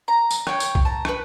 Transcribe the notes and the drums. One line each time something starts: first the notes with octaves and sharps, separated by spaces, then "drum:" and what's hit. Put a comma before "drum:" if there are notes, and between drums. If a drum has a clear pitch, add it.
A#5
drum: tambourine
C#5 G5, drum: rim click
drum: tambourine
drum: kick C2
A5 A#5
B4 C#6, drum: rim click